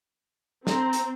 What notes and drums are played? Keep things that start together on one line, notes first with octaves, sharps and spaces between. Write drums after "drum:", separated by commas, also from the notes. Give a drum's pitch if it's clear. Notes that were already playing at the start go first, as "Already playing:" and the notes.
C4 A#5, drum: snare
drum: hi-hat